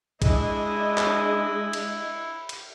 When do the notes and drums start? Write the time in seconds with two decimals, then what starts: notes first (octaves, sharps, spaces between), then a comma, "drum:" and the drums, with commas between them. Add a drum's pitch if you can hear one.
0.22 G#3 D4 E4 D#5, drum: kick A#1, cymbal
0.97 drum: clap
1.73 drum: cymbal
2.49 drum: cymbal